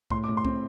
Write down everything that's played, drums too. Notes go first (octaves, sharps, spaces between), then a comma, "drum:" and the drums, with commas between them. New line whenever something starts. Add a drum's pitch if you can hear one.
A2 C6, drum: kick C2
D6
A2
C6
C4, drum: kick C2